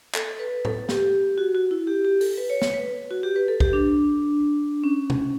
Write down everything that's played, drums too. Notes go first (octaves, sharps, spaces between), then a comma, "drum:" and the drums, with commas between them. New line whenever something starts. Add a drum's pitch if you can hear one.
A4, drum: clap
A4
B4
A4, drum: tom A2
G4, drum: snare
F#4
F#4
E4
G4
G4
A4, drum: open hi-hat
B4
C#5
C#5, drum: snare
B4
F#4
G4
B4
A4
G4, drum: kick
D4
C#4
drum: tom